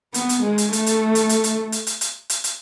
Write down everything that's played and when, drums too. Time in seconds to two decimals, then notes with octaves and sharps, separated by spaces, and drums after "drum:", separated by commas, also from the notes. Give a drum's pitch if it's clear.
0.14 B3, drum: hi-hat
0.29 drum: hi-hat
0.43 G#3
0.58 drum: hi-hat
0.73 A3, drum: hi-hat
0.86 drum: hi-hat
1.15 drum: hi-hat
1.29 drum: hi-hat
1.44 drum: hi-hat
1.72 drum: hi-hat
1.87 drum: hi-hat
2.01 drum: hi-hat
2.30 drum: hi-hat
2.44 drum: hi-hat